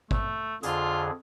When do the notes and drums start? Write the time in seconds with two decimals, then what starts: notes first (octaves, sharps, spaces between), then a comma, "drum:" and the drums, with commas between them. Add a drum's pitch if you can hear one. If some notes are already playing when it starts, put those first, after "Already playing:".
0.11 A3, drum: kick
0.63 F2 D3 F4 G#4, drum: hi-hat